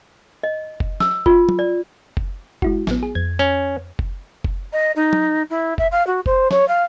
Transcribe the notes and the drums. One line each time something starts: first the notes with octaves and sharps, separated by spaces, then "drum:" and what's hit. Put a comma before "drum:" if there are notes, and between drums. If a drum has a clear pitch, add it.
D#5
drum: kick F#1
E6, drum: snare F#3
F4, drum: kick F#1
drum: tom
D5
drum: kick F#1
G#3 E4 F#4, drum: kick F#1
A1 B3, drum: snare F#3
G#4
F2 G#6
C#4
drum: kick F#1
drum: kick F#1
D#5
D#4
drum: tom
E4
E5, drum: kick F#1
F5
F#4
C5, drum: kick F#1
C#5, drum: snare F#3
F5